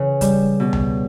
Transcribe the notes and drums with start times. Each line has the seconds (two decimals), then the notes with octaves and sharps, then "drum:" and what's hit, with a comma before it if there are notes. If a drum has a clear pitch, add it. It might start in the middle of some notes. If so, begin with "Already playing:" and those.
Already playing: C#3 E3
0.21 G3, drum: kick, hi-hat
0.60 B2
0.73 drum: tom C#2